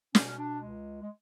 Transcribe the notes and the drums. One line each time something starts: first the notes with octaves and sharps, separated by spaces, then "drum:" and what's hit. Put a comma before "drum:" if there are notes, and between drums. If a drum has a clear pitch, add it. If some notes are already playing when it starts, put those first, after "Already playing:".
B2 C#4, drum: snare
C#4
D4
C#2 G#3
G#3